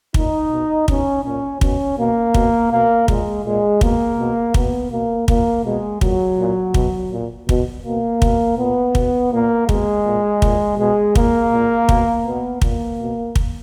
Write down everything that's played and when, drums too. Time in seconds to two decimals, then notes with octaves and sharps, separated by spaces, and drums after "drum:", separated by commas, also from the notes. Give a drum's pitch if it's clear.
0.14 A#2 D#4, drum: kick
0.51 B2
0.88 B2 C#4, drum: kick
1.24 A#2 C#4
1.61 B2 C#4, drum: kick
1.98 B2 A#3
2.34 B2, drum: kick
2.71 B2 A#3
3.08 A#2 G#3, drum: kick
3.45 A#2 G#3
3.81 B2 A#3, drum: kick
4.18 B2
4.54 B2 B3, drum: kick
4.91 B2 A#3
5.28 A#2 A#3, drum: kick
5.64 B2 G#3
6.01 A#2 F#3, drum: kick
6.38 A#2
6.74 B2, drum: kick
7.12 A#2
7.49 B2, drum: kick
7.85 B2 A#3
8.22 B2, drum: kick
8.58 A#2 B3
8.95 B2, drum: kick
9.32 A#2 A#3
9.69 B2 G#3, drum: kick
10.06 A#2
10.42 A#2, drum: kick
10.78 B2 G#3
11.15 A#2 A#3, drum: kick
11.52 A#2
11.89 B2, drum: kick
12.25 B2 B3
12.62 A#2 A#3, drum: kick
12.99 B2
13.36 drum: kick